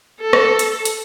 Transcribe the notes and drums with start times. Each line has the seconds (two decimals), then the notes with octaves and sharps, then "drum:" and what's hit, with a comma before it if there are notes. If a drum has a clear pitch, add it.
0.20 A4
0.33 drum: rim click
0.59 drum: hi-hat
0.85 drum: hi-hat